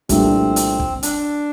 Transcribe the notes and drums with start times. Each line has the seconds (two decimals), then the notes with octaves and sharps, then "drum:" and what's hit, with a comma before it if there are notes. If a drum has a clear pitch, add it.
0.09 C2 A#2 F3 A3 C4 D4, drum: kick, hi-hat
0.56 drum: hi-hat
0.79 drum: kick
1.03 D4, drum: hi-hat